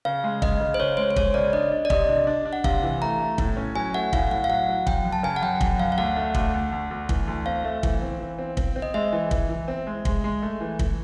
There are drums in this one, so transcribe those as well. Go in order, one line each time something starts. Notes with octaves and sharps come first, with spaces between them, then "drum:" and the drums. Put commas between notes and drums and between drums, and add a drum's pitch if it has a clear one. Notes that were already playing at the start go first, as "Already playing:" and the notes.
C#3 F5
G#3
C#3 D#5, drum: kick
C#3
C5
C#3 C#5
G#3 C5
C5
G#3 C#5, drum: kick
C#3 D5
D4 D#5
D4
D5
C3 D#5, drum: kick
D4
D4
D4
F#5
C3 F5, drum: kick
E3
A3 A#5
A3
A2, drum: kick
C#4
F#3 G#5
A3 F#5
A2 F5, drum: kick
A2 F#5
F5
F#3 F#5
F#3
F#2 G5, drum: kick
F#2
A5
C#3 G#5
F#5
F#2 G5
F#2 F#5, drum: kick
F#2 F5
F5
D2 F#5
A3
D2, drum: kick
D2
D2
D2
E3, drum: kick
D2
C4 F5
A3
E3, drum: kick
C4
E3
C4
C4, drum: kick
C4
D#5
G#3 E5
E3
E3, drum: kick
E3
C4
G#3
G#3, drum: kick
G#3
A3
E3
E3, drum: kick